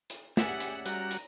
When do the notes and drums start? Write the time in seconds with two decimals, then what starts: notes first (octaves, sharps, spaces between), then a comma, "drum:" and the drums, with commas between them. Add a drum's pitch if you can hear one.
0.10 drum: hi-hat
0.37 C#4 G4 G#4 D5 E5 F#5, drum: snare
0.60 drum: hi-hat
0.86 G3 F#4 F#5 A#5, drum: hi-hat
1.11 drum: hi-hat